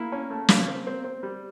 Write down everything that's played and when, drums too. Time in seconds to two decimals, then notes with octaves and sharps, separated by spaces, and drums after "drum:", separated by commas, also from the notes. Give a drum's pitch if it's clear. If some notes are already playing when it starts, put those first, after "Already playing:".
Already playing: A#3 E4
0.12 C#4
0.30 A3
0.49 C#3, drum: snare
0.68 C4
0.87 C4
1.04 C4
1.23 G3